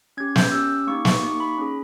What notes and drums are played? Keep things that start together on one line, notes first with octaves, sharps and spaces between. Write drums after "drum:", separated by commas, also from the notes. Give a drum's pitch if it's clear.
C#4 G4 G#6
G6, drum: snare
C#4 G4 E6
A#3 D#4 G4 C#6
C#6, drum: snare
A#3 D#4 G4 C#6
B5
C#4 G#4